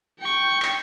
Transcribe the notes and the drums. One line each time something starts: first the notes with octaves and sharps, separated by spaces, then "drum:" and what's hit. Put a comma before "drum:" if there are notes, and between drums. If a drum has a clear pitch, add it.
G5 C#6
drum: clap